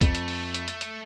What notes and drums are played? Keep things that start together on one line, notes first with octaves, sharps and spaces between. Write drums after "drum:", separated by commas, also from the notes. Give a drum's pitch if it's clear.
F2 A3, drum: kick, hi-hat
drum: hi-hat
drum: open hi-hat
drum: hi-hat
drum: hi-hat
drum: hi-hat